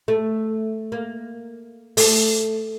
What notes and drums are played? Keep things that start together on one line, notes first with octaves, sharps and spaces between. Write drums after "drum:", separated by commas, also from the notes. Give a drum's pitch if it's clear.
A3
A#3
A3, drum: open hi-hat